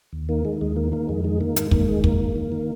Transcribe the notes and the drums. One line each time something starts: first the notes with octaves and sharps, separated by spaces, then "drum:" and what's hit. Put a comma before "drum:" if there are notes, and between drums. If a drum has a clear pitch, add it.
D#2
D#3 A#3
D#3 G#3
D#2 G#3
D#3 A#3
D#3 A#3
F2 G#3
D#3 G#3
D#3 A#3
G#2, drum: hi-hat
D#3 A#3, drum: kick
D#3 G#3
G#2 A#3, drum: kick
D#3
D#3
D#3